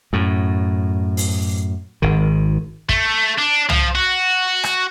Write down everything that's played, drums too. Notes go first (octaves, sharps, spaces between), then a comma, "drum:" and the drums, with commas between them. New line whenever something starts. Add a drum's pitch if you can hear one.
F#2 A2
drum: open hi-hat
G#1 D#3
A3, drum: kick
D4
F3, drum: tom
F#4
drum: rim click